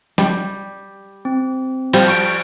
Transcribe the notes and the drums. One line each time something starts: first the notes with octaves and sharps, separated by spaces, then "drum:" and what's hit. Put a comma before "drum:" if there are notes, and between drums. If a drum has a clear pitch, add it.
G3, drum: snare
C4
F3 G3, drum: cymbal
C#6 D7